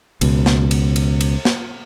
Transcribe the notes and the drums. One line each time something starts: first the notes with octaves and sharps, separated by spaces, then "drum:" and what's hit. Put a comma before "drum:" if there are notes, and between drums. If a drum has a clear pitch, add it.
C#2 B2, drum: cymbal
drum: snare
drum: cymbal
drum: cymbal
drum: cymbal
drum: snare